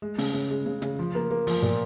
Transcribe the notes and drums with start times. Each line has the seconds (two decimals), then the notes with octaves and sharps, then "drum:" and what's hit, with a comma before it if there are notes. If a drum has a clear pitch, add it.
0.02 G#3
0.18 C#3, drum: open hi-hat
0.34 C#3
0.50 G#3
0.66 C#3
0.82 C#3, drum: hi-hat
0.99 F3
1.15 A#3
1.31 A#3
1.47 F3, drum: open hi-hat
1.62 A#2